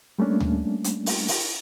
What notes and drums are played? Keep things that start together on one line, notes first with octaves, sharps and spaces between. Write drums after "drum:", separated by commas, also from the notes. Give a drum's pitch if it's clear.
G3 A3 A#3 C#4 D4
drum: tom D2
drum: hi-hat
drum: open hi-hat
drum: open hi-hat